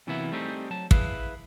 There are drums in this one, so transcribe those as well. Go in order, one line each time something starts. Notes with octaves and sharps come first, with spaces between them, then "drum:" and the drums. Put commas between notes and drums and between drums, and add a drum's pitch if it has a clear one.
C3 E3 F#3 A#3 B3 E4
G3 A3 C4 D#4 G4 G#4
F#3 A5
E4 G#4 B4 F5, drum: kick